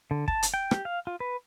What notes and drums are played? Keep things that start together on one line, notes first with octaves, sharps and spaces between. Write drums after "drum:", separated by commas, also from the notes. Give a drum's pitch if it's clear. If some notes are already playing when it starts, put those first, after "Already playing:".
D3
A5, drum: kick
drum: hi-hat
G5
G4, drum: rim click
F5
F4
B4